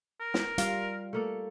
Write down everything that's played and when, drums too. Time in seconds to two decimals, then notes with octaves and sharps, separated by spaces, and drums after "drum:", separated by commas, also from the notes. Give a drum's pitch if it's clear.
0.20 A#4
0.34 drum: snare
0.58 G3 F4 F5, drum: hi-hat
1.13 A3 A#3 A4